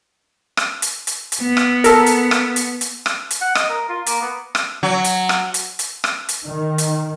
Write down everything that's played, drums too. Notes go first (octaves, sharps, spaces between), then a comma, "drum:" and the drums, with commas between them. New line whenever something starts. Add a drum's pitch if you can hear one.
drum: rim click
drum: hi-hat
drum: hi-hat
drum: hi-hat
B3
drum: rim click
A4 A#4, drum: hi-hat
drum: hi-hat
drum: rim click
drum: hi-hat
drum: hi-hat
drum: rim click
drum: hi-hat
F#5
D#5, drum: rim click
A#4
F4
A#3, drum: hi-hat
B3
drum: rim click
F#3
drum: hi-hat
drum: rim click
drum: hi-hat
drum: hi-hat
drum: rim click
drum: hi-hat
D#3
drum: hi-hat